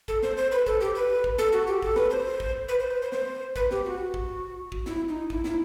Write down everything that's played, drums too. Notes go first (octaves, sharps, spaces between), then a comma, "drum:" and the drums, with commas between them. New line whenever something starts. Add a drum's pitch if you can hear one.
A4, drum: kick
C5, drum: snare
C5
B4
A4, drum: kick
G4
B4
drum: kick
A4, drum: snare
F#4
G4
A4, drum: kick
B4, drum: snare
C5
drum: kick
B4
C5
B4
C5
C5, drum: snare
B4, drum: kick
G4, drum: snare
F#4
drum: kick
drum: kick
E4, drum: snare
D#4
E4, drum: kick
E4, drum: snare